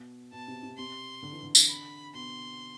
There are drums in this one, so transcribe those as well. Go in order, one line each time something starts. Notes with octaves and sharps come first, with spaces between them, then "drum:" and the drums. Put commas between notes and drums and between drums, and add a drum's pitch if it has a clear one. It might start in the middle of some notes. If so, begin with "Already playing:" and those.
Already playing: B2
B2 A5
C3
C3
B2
C3 C6
D3
E3
D3
drum: tambourine
B5
B2 C6